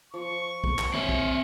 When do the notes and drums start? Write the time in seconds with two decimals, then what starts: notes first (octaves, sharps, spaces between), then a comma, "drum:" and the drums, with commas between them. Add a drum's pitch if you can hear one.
0.14 F3 C#6
0.64 drum: kick B1
0.79 drum: clap
0.94 C4 C#5 E5, drum: tom D#3
1.09 drum: kick B1